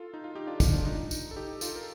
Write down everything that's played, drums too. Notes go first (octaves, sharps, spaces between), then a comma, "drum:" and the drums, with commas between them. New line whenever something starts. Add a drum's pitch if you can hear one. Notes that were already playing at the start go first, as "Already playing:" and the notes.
Already playing: F4 A4
D#4
F4
D#4 G4
D4 F4
D#4, drum: kick, tambourine
D4
D#4
drum: tambourine
A4
D#4 G4
F4 A4, drum: tambourine
A#4